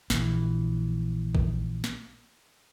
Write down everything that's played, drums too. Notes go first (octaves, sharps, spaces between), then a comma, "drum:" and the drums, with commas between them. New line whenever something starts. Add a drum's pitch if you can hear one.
A#1 E3, drum: snare
drum: kick A#1
drum: snare